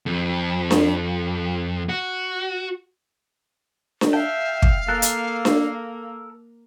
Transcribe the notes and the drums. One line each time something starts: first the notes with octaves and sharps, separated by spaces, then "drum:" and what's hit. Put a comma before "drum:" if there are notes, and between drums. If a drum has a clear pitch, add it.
F2
drum: snare D4
F#4
drum: snare D4
E5 F5 G5 A5
drum: kick
A#3 A4 A#4 F#6 A6
drum: hi-hat
drum: snare D4